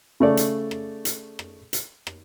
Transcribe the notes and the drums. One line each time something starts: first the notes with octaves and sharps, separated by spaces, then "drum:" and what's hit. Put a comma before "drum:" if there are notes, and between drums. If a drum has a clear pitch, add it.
C#3 A3 D5
drum: hi-hat
drum: rim click
drum: hi-hat
drum: rim click
drum: hi-hat
drum: rim click